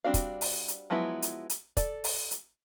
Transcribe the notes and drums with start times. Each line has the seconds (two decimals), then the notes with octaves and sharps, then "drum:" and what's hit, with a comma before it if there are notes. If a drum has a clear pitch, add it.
0.04 G3 C4 D4 F#4 F5
0.14 drum: kick, hi-hat
0.41 drum: open hi-hat
0.68 drum: hi-hat
0.90 F3 F#3 G#3 B3 E4
1.22 drum: hi-hat
1.50 drum: hi-hat
1.77 A4 D5, drum: kick, hi-hat
2.04 drum: open hi-hat
2.31 drum: hi-hat